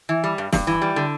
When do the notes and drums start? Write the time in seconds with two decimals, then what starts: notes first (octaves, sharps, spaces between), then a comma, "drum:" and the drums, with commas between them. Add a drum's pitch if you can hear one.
0.09 E3
0.24 G3
0.38 G2
0.53 G2, drum: snare
0.67 E3
0.82 G3
0.96 D3